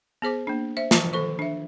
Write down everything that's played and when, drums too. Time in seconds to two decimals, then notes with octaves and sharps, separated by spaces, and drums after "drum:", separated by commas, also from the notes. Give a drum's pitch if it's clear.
0.22 B3 G#4 C5 D6
0.47 A#3 D4
0.77 C5 E5
0.91 E3 F3 A5, drum: snare
1.13 D#3 A4 C5 C#6
1.39 D4 E5